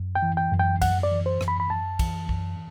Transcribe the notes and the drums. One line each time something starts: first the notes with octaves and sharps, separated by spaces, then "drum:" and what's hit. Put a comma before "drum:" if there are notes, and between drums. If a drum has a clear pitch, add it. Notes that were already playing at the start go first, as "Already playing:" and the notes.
Already playing: F#2
G5
E3
G5
F#2
G5
F#2 F#5, drum: kick, cymbal
D5
E3
C5
F#2, drum: rim click
B5
B5
F#2 A5
E3, drum: kick, cymbal
F#2, drum: kick